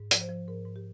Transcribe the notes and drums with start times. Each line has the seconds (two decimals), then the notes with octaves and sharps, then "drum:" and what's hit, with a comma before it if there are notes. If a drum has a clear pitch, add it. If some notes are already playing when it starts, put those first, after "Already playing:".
Already playing: G#2
0.11 F3, drum: hi-hat
0.21 C5
0.29 F3
0.47 G#2 A#4
0.65 G#2
0.76 G4